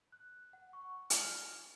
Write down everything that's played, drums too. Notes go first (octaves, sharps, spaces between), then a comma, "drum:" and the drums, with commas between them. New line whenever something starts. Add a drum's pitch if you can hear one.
F#6
F#5
C#6
F6, drum: hi-hat